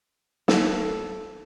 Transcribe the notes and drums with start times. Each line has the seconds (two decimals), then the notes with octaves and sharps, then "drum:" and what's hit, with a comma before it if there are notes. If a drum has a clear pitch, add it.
0.48 A4, drum: snare